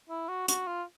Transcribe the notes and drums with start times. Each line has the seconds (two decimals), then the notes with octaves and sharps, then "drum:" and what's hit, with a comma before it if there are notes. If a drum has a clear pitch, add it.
0.10 E4
0.29 F#4
0.48 F#4, drum: hi-hat
0.67 F4